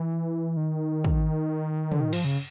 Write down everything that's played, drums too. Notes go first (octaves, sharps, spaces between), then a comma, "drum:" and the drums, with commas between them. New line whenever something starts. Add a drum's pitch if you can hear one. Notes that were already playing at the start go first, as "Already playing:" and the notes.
Already playing: E3
D#3
drum: kick
D3, drum: tom
D#3
F3, drum: cymbal
C#3